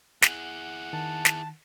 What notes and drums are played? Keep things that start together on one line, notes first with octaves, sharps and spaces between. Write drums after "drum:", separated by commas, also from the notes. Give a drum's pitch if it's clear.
E4 G#4 F#5, drum: snare
D#3 A5
drum: snare